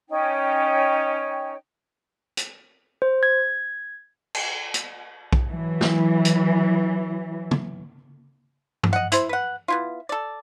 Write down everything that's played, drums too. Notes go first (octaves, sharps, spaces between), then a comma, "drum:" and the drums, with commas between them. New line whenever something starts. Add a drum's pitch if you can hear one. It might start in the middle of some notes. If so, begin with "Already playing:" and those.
C#4 D#4 C#5 G5
drum: hi-hat
C5
G#6
drum: cymbal
drum: hi-hat
drum: kick B1
E3 F#3
drum: snare
drum: hi-hat
drum: tom
drum: tom
D#5 F#5
E4 C5, drum: hi-hat
B4 F#5
B3 E4 F4
A4 D5